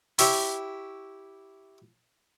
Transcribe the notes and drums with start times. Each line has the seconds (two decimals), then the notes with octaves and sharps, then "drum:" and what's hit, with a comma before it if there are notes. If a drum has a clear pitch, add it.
0.19 E4 G4 C#5 E5, drum: open hi-hat